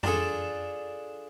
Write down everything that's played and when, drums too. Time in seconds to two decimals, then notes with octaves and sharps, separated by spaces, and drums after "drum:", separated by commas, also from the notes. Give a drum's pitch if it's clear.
0.03 D4 F4 G#4 A4, drum: tom F2